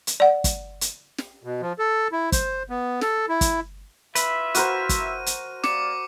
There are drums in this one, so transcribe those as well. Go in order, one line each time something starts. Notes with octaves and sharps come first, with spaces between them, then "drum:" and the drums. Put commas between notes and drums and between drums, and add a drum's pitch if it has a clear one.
drum: hi-hat
D5 F#5
drum: kick, hi-hat
drum: hi-hat
drum: snare
B2
F3
A4
E4
C5, drum: kick, hi-hat
B3
A4, drum: snare
E4
drum: kick, hi-hat
E4 F4 B4 E5, drum: hi-hat
F#4 A#4 C5 D#7, drum: hi-hat
drum: kick, hi-hat
drum: hi-hat
A#3 D5 D6 C#7, drum: snare